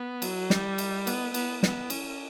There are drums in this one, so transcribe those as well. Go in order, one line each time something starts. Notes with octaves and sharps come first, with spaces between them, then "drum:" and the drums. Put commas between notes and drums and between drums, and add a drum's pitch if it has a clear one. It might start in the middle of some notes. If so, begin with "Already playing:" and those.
Already playing: B3
F#3, drum: cymbal
G3, drum: snare
drum: cymbal
B3, drum: cymbal
B3, drum: cymbal
B3, drum: snare
C#4, drum: cymbal